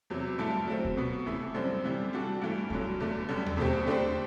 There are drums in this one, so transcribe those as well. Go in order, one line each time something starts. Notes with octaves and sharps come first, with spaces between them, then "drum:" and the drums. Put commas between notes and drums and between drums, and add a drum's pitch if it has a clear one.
E2 C3 F#3
G2 D3 A3 E4 A4
F#3 A3 C4
drum: kick D2
B2 F#3 B3
C3 E3 A3 E4
F#2 D3 G3 C4
C3 E3 G3
G3 D4 F#4 A4
G2 E3 A3
G2 D3 F#3, drum: kick D2
E2 D3 A3
F#2 D3 G3
drum: tom D#2
E2 B2 A3 C4 G4
D3 A3 D4 G4 C5